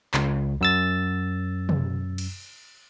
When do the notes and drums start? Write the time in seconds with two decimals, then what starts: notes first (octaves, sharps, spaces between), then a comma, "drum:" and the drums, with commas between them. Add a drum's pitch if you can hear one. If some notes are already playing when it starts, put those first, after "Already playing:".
0.14 C#2, drum: clap
0.61 F#2 E6 A6
1.69 drum: tom
2.18 drum: cymbal